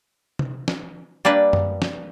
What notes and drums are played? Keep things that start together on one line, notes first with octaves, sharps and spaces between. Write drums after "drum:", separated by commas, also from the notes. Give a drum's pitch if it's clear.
drum: tom C3
drum: snare
G3 A#3 D4 B4
drum: tom F#2
drum: snare